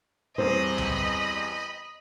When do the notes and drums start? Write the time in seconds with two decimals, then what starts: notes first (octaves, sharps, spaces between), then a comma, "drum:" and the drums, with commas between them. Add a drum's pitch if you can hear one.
0.38 E2 G3 C4 C5 D#5 B5
0.78 drum: tom C2